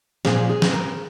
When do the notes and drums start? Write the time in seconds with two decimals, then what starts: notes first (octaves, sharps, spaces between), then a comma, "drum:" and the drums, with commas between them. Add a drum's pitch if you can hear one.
0.25 A#2 F3 G#4, drum: snare
0.49 G#4
0.62 drum: snare
0.74 A#4